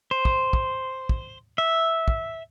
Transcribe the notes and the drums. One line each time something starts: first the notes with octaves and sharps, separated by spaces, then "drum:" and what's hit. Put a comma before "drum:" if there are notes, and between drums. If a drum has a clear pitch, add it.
C5
drum: kick
drum: kick
drum: kick
E5
drum: kick